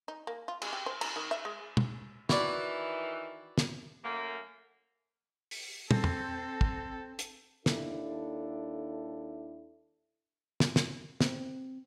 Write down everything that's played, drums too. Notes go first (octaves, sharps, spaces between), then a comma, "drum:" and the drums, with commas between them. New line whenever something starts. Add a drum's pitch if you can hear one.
D#4
A#3
F4
G#3, drum: cymbal
G4
C5
A#5, drum: cymbal
D#3
E5
G#3
drum: tom
D#3 E3 E4 F#4 D5, drum: snare
drum: snare
F#2 A3 A#3
drum: open hi-hat
C4 A4, drum: tom
drum: tom
drum: kick
drum: hi-hat
D#2 D4 E4 A4, drum: snare
drum: snare
drum: snare
C4, drum: snare